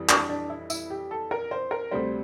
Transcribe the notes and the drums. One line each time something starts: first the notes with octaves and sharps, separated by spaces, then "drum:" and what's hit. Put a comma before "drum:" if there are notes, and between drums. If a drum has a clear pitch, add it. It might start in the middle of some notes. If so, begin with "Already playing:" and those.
Already playing: F2 E3 G3
D4, drum: clap
D4
E4
E4, drum: tambourine
G4
A4
A#4
C5
A#4
D2 C3 G3 C5